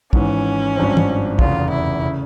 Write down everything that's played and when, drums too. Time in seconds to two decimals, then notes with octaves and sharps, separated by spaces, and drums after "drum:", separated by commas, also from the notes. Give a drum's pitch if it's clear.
0.13 G#1 G#2 E3 C#4, drum: kick
0.76 G#1 G2 F3 C4
0.97 drum: tom
1.39 F1 E2 C#3 F4, drum: kick
1.70 E4
2.02 C#3